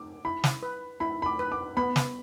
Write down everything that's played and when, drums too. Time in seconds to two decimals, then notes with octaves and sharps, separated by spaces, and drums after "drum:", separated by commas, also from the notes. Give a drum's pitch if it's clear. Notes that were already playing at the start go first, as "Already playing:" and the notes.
Already playing: D6
0.25 E4 B5
0.44 drum: snare
0.63 B4
1.00 E4 B5
1.22 B5
1.26 D6
1.39 B4
1.52 D6
1.77 B3 B5
1.96 drum: snare